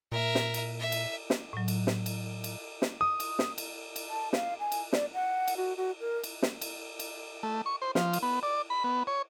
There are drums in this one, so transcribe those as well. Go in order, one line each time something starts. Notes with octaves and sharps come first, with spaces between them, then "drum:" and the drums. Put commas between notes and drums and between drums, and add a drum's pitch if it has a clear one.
A#2 A#4 E5
drum: snare
drum: cymbal
E5
drum: cymbal
drum: snare
A2 F#3
drum: cymbal
drum: snare
drum: cymbal
drum: cymbal
drum: snare
D#6
drum: cymbal
drum: snare
drum: cymbal
drum: cymbal
A5
F5, drum: snare
G#5
drum: cymbal
D5, drum: snare
F#5
drum: cymbal
F#4
F#4
A#4
drum: cymbal
drum: snare
drum: cymbal
drum: cymbal
A3
C#6
C5
F3, drum: snare
drum: cymbal
B3
D5
B5
B3
C#5